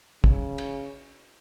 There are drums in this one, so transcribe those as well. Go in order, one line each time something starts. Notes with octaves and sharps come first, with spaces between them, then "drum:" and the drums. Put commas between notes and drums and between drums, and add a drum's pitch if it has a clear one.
C#3, drum: kick
drum: cymbal